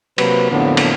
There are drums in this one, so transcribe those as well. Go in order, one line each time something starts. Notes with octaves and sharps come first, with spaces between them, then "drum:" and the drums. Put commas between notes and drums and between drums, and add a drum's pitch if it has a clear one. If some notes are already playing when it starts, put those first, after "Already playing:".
C3 F#3 A#3 B4, drum: cymbal
F2 A2 D3 F#3 A#3 B3
drum: cymbal